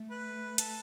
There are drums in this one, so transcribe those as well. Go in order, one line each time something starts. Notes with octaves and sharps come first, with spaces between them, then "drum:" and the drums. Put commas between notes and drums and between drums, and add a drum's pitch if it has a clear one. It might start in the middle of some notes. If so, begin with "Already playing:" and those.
Already playing: A3
B4
A4, drum: hi-hat